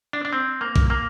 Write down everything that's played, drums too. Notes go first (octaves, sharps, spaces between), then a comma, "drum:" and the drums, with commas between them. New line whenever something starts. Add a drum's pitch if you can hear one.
D4
D4
C4
A#3
drum: kick
A#3